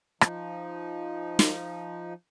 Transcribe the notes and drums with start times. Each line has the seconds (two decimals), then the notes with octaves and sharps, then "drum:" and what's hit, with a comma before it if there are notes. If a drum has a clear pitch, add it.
0.21 F3 D#4, drum: rim click
1.39 drum: snare